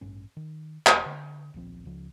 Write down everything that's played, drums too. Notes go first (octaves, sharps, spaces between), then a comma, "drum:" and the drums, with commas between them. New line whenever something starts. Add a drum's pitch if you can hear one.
A1 G2 C#4
D#3
E1, drum: clap
D3
D1 A#1 F3 C4
C#2 C#3 F3